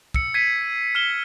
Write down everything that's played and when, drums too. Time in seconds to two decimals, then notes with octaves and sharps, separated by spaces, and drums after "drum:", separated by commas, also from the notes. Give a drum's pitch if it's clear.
0.14 E6 C#7, drum: kick
0.34 G#6 B6 C7 D#7
0.95 F6 E7 G7